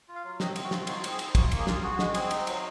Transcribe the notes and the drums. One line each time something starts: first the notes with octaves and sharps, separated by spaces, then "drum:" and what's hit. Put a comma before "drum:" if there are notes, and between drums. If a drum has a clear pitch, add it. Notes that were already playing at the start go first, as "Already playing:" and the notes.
F4
F5
F#3
C4 D#5, drum: snare
C4, drum: cymbal
F#4
F4, drum: snare
D#4 F#4, drum: cymbal
C4, drum: cymbal
G#4
D#4, drum: cymbal
F4 F#4, drum: kick, cymbal
A#3, drum: cymbal
G#4
F4, drum: snare
F#4 G#4
G#3 F#4, drum: snare
C4 G#4, drum: cymbal
D#4, drum: cymbal
F#3, drum: cymbal